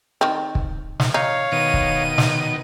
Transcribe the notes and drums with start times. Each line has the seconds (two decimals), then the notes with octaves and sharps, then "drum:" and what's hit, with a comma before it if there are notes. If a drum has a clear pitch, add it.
0.21 D#3 C4
0.55 drum: kick
1.00 drum: snare
1.14 D#4 C#5 F5
1.52 B2 D#3 D#7
1.74 drum: kick
2.18 drum: snare